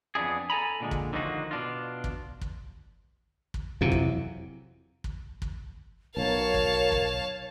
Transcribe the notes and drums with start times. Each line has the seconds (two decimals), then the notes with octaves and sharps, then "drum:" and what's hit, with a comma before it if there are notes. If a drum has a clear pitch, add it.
0.15 F2 B3 D4 E4 G#4
0.50 A4 G#5 A#5 B5
0.80 A#2 D3 G#3
0.91 drum: kick
1.13 D3 D#3 F3 D#4 F4 F#4
1.51 B2 D4 F4
2.04 drum: kick
2.41 drum: kick
3.54 drum: kick
3.81 F2 C3 E3 F#3 F4
3.92 drum: kick
5.04 drum: kick
5.42 drum: kick
6.17 B1 B2 A#4 C#5 F5 A5
6.54 drum: kick
6.92 drum: kick